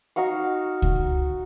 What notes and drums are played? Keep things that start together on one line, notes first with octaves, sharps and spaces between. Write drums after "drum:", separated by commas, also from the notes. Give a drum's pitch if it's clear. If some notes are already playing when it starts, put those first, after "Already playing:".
D#4 F#4 F5 C#6
drum: kick C#2